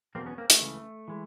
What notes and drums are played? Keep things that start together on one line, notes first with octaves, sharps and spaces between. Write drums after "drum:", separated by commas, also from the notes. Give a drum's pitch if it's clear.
E2 B2 F#3 A#3 C4
B3 C#4
A#3 C4
A3, drum: hi-hat
C#2 C#3 E3
E3 G#3